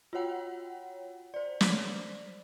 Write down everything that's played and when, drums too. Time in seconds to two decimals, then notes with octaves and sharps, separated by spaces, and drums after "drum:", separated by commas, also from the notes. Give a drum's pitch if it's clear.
0.13 F4 F#4 C#5 F#5 G5
1.34 C5 D5
1.61 drum: snare